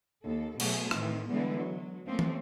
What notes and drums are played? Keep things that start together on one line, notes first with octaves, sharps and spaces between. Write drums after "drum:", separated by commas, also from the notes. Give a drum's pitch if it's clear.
D#2 A4
B2 F#3 A3 B3 G#4, drum: cymbal
A2 D#3 E3 A3 C4, drum: rim click
D3 E3 G3 G#3 B3
F#3
F3 A3 A#3 C4 C#4
drum: tom